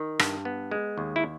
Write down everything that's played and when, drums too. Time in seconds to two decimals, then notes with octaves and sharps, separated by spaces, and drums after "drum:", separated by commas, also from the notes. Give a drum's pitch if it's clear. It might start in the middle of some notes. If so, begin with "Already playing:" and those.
Already playing: D#3
0.19 G2, drum: rim click
0.45 B3
0.71 G#3
0.98 D#2
1.16 E4